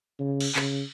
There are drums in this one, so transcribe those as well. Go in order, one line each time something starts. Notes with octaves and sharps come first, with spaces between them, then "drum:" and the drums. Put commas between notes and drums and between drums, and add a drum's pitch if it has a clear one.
C#3
drum: cymbal
C#3, drum: clap